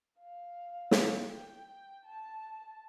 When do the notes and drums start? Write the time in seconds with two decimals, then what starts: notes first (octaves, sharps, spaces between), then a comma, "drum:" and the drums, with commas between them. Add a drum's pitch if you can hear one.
0.20 F5
0.91 drum: snare
1.31 G5
2.06 A5